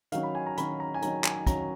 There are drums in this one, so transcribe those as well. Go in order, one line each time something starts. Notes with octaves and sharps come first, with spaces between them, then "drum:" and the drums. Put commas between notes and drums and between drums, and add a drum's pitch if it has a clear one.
D#3 F#3 C#4 F5, drum: hi-hat
B5
G#5
A#5
D#3 F#3 C#4 B5, drum: hi-hat
A#5
G#5
D#3 F#3 C#4 A#5, drum: hi-hat
G#5, drum: clap
D#3 F#3 C#4 A#5, drum: kick, hi-hat